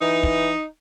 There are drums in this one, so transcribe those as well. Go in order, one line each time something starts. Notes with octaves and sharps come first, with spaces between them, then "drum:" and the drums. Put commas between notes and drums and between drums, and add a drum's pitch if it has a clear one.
E3 D#4
drum: kick